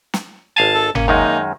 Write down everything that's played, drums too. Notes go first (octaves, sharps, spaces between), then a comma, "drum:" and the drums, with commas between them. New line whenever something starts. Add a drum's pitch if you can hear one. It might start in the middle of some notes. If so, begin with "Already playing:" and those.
drum: snare
G#1 F5 G#5 A5
A4
A#3 C#4, drum: tom G1
F#2 D#3 G#3 D#4